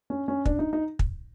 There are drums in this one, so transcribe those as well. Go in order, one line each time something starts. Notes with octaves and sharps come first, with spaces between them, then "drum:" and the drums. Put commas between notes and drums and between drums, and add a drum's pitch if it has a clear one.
C#4
C#4
D4, drum: kick
D#4
D#4
drum: kick